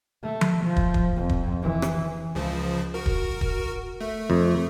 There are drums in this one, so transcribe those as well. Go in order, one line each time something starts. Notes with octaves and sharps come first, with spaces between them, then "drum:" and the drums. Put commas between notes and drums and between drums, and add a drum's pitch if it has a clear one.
A3
drum: tom F3
F3
drum: kick
drum: kick
F2
drum: kick
E3
drum: rim click
C#2 C#3 F3
F#4 A#4
drum: kick
drum: kick
A3
F2